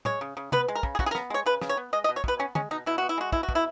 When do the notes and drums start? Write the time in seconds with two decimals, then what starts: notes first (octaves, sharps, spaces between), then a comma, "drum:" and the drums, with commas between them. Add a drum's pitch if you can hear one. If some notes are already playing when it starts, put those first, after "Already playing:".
0.05 G#3 C#5, drum: tom
0.21 C#3
0.37 C#3
0.52 B3 B4, drum: tom
0.68 G#3
0.75 A#4
0.83 C#3, drum: kick
0.95 G#4
0.99 C#3 F#4, drum: kick
1.06 G#4
1.11 A#4
1.15 B3, drum: snare
1.30 G#3 C#5
1.46 C#3 B4
1.61 C#3, drum: snare
1.69 C#5
1.77 B3
1.93 G#3 D#5
2.04 D#5
2.09 B2
2.16 C#5
2.24 B2 B4, drum: kick
2.39 B3 C#4
2.55 G#3 C#4, drum: tom
2.71 B2 D#4
2.86 B2 E4
2.98 B3 F#4
3.09 E4
3.18 G#3 F#4
3.32 B2 E4, drum: kick
3.43 F#4
3.49 B2, drum: kick
3.55 E4